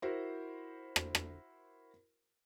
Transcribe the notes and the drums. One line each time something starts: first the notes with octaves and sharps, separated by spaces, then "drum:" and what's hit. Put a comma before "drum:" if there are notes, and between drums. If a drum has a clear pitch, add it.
E4 F#4 A#4 C5
drum: rim click
drum: rim click